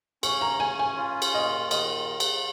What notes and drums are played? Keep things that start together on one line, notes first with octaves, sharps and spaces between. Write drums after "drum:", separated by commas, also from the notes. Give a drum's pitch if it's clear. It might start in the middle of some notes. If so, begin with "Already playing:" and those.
C#4 C#6, drum: cymbal
A#5
C#4 G#5
G#5
F4
drum: cymbal
A#2 D#5
D#3 D#5, drum: cymbal
drum: cymbal